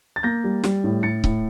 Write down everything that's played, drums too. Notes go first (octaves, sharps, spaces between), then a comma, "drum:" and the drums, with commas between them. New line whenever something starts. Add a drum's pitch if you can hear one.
A6
A#3 G6 A#6
G3
G3, drum: snare
A2
A2 A6 C#7
A2, drum: kick C#1